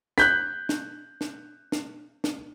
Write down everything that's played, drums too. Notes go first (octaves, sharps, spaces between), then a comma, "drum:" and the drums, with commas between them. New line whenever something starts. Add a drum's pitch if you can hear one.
F#6 G6 B6, drum: snare
drum: snare
drum: snare
drum: snare
drum: snare